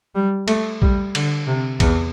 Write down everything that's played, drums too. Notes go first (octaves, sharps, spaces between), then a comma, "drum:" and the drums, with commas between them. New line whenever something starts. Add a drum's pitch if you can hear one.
G3
A3, drum: cymbal
G3, drum: kick
D3, drum: cymbal
C3
E2, drum: kick, cymbal